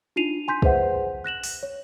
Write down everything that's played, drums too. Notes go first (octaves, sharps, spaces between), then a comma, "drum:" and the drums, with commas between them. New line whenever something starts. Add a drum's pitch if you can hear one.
D4 D#4 F4 C7 D#7 F7
G#5 C6 G6 B6
G#4 B4 C5 E5 F#5, drum: kick
F#6 A#6 E7 F#7
drum: open hi-hat
C#5